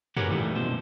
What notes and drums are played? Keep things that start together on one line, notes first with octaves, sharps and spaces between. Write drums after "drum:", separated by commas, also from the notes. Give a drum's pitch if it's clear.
G4 G#4 A#4 B4 C#5 F#5, drum: tom F2
A#2 D#3 E3 F#3 G3 A3
F#2 B2 D3 C5